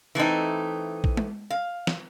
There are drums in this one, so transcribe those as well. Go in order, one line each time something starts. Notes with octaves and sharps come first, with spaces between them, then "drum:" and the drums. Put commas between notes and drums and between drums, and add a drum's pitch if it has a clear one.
E3 A3 C4 D#4
drum: kick
drum: tom G#3
F5
drum: snare